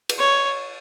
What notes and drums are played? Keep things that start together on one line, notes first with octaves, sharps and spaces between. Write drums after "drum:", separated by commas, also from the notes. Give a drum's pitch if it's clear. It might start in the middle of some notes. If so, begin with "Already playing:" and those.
drum: cymbal
C#5